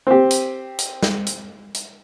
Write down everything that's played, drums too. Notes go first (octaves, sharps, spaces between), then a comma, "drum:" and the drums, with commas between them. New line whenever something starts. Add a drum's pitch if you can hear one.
C4 G4
drum: hi-hat
drum: hi-hat
drum: snare
drum: hi-hat
drum: hi-hat